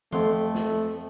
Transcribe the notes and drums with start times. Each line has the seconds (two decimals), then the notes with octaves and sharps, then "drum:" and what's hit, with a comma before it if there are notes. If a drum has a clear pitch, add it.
0.13 F2 A3 C6, drum: tom E3
0.55 drum: snare